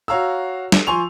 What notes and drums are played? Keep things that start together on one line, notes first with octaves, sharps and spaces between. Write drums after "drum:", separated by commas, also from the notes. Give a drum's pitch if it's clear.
F#4 C#5 F5 A#5 E6
drum: snare
F3 G#5 C6 C#6 F7